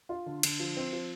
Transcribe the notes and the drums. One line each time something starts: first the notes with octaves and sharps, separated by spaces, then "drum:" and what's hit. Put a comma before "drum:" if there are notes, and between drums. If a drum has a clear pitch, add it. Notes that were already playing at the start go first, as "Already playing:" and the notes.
F4
D3
D3, drum: cymbal
F3
C4
F3